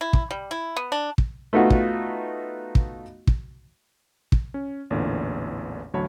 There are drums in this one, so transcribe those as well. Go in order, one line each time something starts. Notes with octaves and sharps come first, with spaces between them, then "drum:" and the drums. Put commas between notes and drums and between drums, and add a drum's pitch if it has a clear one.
E4
drum: kick
G3
E4
B3
D4
drum: kick
A3 B3 D#4 F4 F#4
drum: kick
drum: kick
drum: kick
drum: kick
C#4
A1 E2 A#2 D3
A1 D2 F#3 C#5 A5 B5